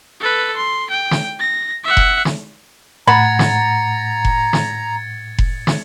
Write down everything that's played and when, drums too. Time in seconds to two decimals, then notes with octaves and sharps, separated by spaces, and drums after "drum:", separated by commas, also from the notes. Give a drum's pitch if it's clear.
0.20 A4 B4
0.57 C6
0.91 G5
1.11 drum: snare
1.40 A#6
1.85 E5 F#5
1.97 drum: kick F1
2.25 drum: snare
3.07 A2 F#5 A#5 B5 G#6 A6 C#7
3.39 drum: snare
4.25 drum: kick F1
4.53 drum: snare
5.38 drum: kick F1
5.67 drum: snare